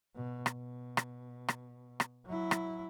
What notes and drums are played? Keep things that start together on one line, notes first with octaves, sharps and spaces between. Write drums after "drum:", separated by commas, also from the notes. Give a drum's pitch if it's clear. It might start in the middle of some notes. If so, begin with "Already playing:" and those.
B2
drum: rim click
B2
drum: rim click
drum: rim click
drum: rim click
F#3 E4
drum: rim click